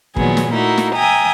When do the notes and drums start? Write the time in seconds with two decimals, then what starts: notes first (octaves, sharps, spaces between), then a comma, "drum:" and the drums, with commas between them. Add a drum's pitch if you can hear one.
0.16 A#2 D#3 F3 F#3 B3 G#4, drum: kick
0.37 drum: snare
0.54 A3 A#3 D#4 E4 F#4
0.77 drum: snare
0.95 E5 G5 G#5 A#5 D#6